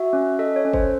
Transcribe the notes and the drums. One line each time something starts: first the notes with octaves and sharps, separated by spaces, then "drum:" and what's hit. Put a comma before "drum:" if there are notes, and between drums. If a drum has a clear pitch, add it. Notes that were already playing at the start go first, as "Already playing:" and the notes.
Already playing: F#4 E5
C#4
A4 D#5
C#5
C#4
C5, drum: kick